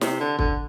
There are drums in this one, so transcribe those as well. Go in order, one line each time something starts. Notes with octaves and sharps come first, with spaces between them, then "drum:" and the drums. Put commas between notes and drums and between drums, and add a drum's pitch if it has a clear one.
C3, drum: snare
D3
D3, drum: kick